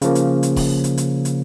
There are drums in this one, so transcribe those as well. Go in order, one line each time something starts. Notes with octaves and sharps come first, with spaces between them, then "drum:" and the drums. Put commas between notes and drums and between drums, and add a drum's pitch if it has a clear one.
C#3 F3 A#3, drum: hi-hat
drum: hi-hat
drum: hi-hat
drum: kick D#1, open hi-hat
drum: hi-hat
drum: hi-hat
drum: hi-hat